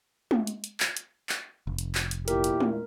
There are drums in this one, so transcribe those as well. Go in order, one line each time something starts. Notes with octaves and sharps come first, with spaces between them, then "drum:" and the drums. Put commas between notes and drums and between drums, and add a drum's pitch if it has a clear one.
drum: tom G#3
drum: hi-hat
drum: hi-hat
drum: clap
drum: hi-hat
drum: clap
F1
drum: hi-hat
drum: clap
drum: hi-hat
E2 A#2 E4 G4 A#4, drum: hi-hat
drum: hi-hat
drum: tom G#3